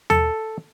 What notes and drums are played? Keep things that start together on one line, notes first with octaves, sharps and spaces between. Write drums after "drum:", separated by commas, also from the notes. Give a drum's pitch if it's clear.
A4, drum: tom D#2